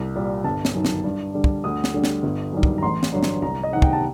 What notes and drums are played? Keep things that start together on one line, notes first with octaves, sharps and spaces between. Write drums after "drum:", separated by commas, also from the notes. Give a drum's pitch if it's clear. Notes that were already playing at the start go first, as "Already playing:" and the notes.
Already playing: C2
A#2 G3
G1 A5
drum: snare
F#2 D#3
drum: snare
G2
D3 G3
drum: kick
D2 D#6
drum: snare
D3 G3
drum: snare
G1
F#2 D#3 G3
drum: kick
A#5
A1 C6
drum: snare
G2 D3 F#3
drum: snare
C2 A#5
D#5
C3 D#3 F#5
G5, drum: kick
A5